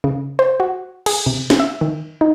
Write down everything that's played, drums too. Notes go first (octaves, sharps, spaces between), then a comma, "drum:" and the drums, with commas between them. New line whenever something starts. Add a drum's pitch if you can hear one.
C#3
C5
F#4
G#4, drum: cymbal
C3
drum: snare
E5
D#3
D#4